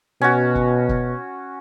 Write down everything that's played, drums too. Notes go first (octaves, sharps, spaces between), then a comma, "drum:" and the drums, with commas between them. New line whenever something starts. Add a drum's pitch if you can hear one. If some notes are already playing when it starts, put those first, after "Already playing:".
B2 C#4 F#4
drum: kick
drum: kick